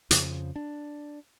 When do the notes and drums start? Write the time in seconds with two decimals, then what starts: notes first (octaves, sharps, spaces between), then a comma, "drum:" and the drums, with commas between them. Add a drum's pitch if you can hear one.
0.11 F2 C#3 F3, drum: hi-hat
0.56 D4